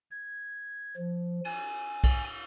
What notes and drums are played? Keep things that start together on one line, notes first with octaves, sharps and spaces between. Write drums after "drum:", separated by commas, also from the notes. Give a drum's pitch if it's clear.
G#6
F3
G#5, drum: cymbal
drum: kick, cymbal